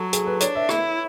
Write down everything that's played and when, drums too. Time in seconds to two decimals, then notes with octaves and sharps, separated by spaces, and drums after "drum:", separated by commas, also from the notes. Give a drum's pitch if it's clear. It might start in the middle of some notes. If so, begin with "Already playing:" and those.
Already playing: F#3 A4
0.13 G#4, drum: hi-hat
0.26 B4
0.40 D4 C#5, drum: hi-hat
0.55 E5
0.69 E4, drum: rim click